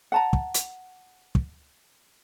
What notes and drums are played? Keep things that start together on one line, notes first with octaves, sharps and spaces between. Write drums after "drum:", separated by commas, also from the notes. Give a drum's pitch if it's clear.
F#5 A5 A#5
drum: kick
drum: hi-hat
drum: kick